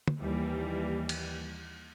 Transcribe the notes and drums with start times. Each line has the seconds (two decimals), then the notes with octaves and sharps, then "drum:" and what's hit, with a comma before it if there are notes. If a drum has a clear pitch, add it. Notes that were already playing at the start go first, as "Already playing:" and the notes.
0.08 drum: tom
0.19 D#2 E3 G3
1.09 drum: cymbal